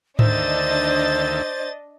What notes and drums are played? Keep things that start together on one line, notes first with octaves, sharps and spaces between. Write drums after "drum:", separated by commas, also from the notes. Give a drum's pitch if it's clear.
D2 D#3 D4 C5 D#5 E5 A6, drum: tom G#2